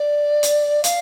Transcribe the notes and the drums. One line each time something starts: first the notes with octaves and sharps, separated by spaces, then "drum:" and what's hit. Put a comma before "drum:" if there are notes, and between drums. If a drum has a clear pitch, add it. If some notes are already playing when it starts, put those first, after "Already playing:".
Already playing: D5
drum: hi-hat
F5, drum: hi-hat